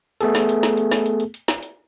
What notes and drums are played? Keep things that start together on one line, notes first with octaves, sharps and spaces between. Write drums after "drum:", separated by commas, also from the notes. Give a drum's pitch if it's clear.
A3 B3 G#4 A4, drum: hi-hat
drum: snare
drum: hi-hat
drum: snare
drum: hi-hat
drum: snare
drum: hi-hat
drum: hi-hat
drum: hi-hat
drum: snare
drum: hi-hat